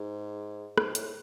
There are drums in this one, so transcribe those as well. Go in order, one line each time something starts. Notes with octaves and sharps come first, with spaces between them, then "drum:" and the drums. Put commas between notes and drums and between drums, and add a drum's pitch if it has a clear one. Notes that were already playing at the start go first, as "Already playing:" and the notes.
Already playing: G#2
G#2, drum: rim click
A2, drum: hi-hat